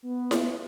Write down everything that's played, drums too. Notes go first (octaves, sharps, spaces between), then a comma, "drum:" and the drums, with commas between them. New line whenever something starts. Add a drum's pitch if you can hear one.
B3
drum: snare E4